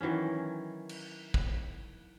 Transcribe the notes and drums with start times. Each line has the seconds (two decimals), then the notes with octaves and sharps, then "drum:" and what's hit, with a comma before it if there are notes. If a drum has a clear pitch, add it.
0.01 D#3 E3 F#3 C#4
0.89 drum: cymbal
1.34 drum: kick